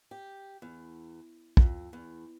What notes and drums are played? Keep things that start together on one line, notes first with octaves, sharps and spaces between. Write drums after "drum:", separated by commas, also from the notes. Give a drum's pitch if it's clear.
G4
E2
F2, drum: kick
E2